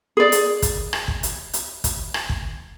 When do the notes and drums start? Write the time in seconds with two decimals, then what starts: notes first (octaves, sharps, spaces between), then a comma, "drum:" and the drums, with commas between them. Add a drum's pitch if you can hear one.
0.17 G#4 D5
0.32 drum: hi-hat
0.62 drum: kick, hi-hat
0.93 drum: rim click
1.08 drum: kick
1.23 drum: hi-hat
1.53 drum: hi-hat
1.84 drum: kick, hi-hat
2.14 drum: rim click
2.29 drum: kick